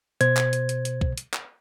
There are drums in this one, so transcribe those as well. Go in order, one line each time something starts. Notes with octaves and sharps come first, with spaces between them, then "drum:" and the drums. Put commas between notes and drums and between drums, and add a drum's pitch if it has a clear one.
B2 C5 G#6, drum: hi-hat
drum: clap
drum: hi-hat
drum: hi-hat
drum: hi-hat
drum: kick B1
drum: hi-hat
drum: clap